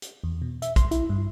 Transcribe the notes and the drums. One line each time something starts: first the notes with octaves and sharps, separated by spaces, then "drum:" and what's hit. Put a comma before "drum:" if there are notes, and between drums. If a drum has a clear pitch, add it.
drum: hi-hat
E2
B2
E5, drum: hi-hat
C6, drum: kick, hi-hat
E4, drum: hi-hat
G2